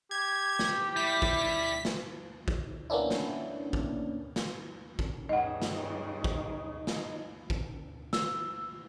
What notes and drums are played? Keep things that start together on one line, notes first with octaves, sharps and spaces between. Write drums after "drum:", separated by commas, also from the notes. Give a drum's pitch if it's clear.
G4 G#6
drum: snare
G3 E4 B6
drum: kick
drum: snare
drum: kick
A#3 B3 C#4 D4 E4
drum: snare
drum: kick
drum: snare
drum: kick
G2 C#3 D#4 D#5 F#5
drum: snare
drum: kick
drum: snare
drum: kick
E6, drum: snare